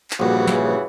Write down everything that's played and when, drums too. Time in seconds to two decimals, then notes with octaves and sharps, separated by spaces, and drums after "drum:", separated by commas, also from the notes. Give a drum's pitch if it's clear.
0.11 drum: clap
0.20 A#1 G2 C#3 E3 F#4
0.47 drum: snare